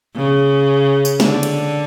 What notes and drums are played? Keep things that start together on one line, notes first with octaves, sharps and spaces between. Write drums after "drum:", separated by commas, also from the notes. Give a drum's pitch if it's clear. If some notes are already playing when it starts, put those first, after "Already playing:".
C#3
drum: tambourine
D3, drum: snare
drum: cymbal